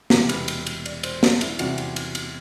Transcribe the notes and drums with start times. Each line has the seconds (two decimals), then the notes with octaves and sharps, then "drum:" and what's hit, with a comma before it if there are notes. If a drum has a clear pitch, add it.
0.10 E1 E2 C3 G3 C4 D5 D6, drum: snare
0.29 B4 B5, drum: cymbal
0.48 drum: cymbal
0.67 drum: cymbal
0.86 D5, drum: cymbal
1.03 C5, drum: cymbal
1.23 D5, drum: snare
1.41 E4 E5, drum: cymbal
1.59 E2 C3 G3 C4 F#4 F#5, drum: cymbal
1.78 drum: cymbal
1.96 drum: cymbal
2.15 drum: cymbal